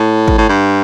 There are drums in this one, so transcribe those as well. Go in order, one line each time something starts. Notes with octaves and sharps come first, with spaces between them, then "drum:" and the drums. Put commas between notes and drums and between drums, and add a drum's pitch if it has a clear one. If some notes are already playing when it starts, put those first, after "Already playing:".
Already playing: A2
drum: kick G#1
A2
G2